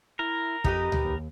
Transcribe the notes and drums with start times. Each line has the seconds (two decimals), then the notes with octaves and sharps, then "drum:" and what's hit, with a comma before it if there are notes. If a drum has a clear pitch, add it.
0.19 E4 A#4
0.64 F2 D#4 G4 B4, drum: kick
0.92 drum: tom C#2
1.05 D#2